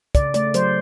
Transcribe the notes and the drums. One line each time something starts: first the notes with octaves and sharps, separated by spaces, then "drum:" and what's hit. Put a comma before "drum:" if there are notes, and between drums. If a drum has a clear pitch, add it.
C#3 D5, drum: kick, hi-hat
A3 D5, drum: hi-hat
F#3 C5, drum: hi-hat